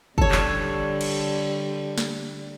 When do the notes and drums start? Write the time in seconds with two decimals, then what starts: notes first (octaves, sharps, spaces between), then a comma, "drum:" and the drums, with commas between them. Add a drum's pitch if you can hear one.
0.18 D3 G3 A4 C#5, drum: kick
0.31 drum: clap
1.01 drum: cymbal
1.98 drum: snare